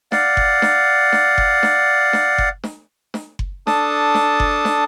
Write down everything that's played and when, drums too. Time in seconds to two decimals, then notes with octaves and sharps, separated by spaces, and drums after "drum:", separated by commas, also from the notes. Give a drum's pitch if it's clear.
0.12 D5 F5 F#5, drum: snare
0.37 drum: kick F#1
0.62 drum: snare
1.12 drum: snare
1.38 drum: kick F#1
1.63 drum: snare
2.13 drum: snare
2.38 drum: kick F#1
2.64 drum: snare
3.14 drum: snare
3.39 drum: kick F#1
3.67 D4 A4 A5 D#6, drum: snare
4.15 drum: snare
4.40 drum: kick F#1
4.65 drum: snare